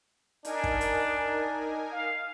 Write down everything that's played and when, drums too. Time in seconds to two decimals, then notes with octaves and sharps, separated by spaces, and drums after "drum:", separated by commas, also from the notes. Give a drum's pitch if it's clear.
0.45 D4 D#4 A#4 G#5, drum: hi-hat
0.64 drum: kick
0.81 drum: hi-hat
1.92 F5